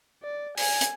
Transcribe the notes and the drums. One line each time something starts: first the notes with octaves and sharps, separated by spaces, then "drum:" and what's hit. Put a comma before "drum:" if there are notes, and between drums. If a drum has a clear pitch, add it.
D5
G#5, drum: open hi-hat
drum: hi-hat